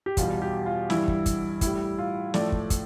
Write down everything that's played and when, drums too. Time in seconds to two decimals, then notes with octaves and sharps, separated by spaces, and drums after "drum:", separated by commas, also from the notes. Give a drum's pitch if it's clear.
0.06 G4
0.17 E2 B2 G3 F4, drum: kick, hi-hat
0.42 G4
0.66 F4
0.90 G2 E3 G3 E4, drum: snare
1.08 drum: kick
1.26 drum: kick, hi-hat
1.61 A2 G3 E4, drum: kick, hi-hat
1.98 F4
2.34 A2 F3 A3 D5, drum: snare
2.52 drum: kick
2.70 drum: kick, hi-hat